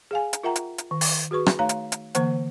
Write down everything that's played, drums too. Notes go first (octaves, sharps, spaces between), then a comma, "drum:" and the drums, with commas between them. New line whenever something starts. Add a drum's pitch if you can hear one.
G#4 F5 G#5
drum: hi-hat
F4 A#4 E5 F#5 G5 A#5
drum: hi-hat
drum: hi-hat
D#3
drum: open hi-hat
F#4 G#4 B4 C#6
drum: rim click
A3 D#4 C#5 F5 A#5
drum: hi-hat
drum: hi-hat
D3 E3 A#3 C5 F#5, drum: hi-hat